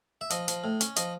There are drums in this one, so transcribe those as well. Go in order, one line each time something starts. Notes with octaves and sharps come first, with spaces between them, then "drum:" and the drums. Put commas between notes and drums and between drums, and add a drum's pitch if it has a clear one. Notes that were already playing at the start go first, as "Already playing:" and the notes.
E5
F3 D#5, drum: hi-hat
F3, drum: hi-hat
A2
C#4, drum: hi-hat
F3 D#5, drum: hi-hat